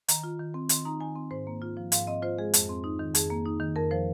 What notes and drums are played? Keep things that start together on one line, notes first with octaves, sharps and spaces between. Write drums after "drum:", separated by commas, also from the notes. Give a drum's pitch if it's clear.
D#3 A#5, drum: hi-hat
F4
D#3
C4
D#3 C6, drum: hi-hat
D#4 A#5
D#3 G#5
C4
G#2 C5
A#3
F4
F3
G#2 F5, drum: hi-hat
C4 D#5
F4 C5
G#3 G#4
F2, drum: hi-hat
C4
D#4
D#3
F2 G#4, drum: hi-hat
A#3
D#4
D#3
F2 A#4
F3 C5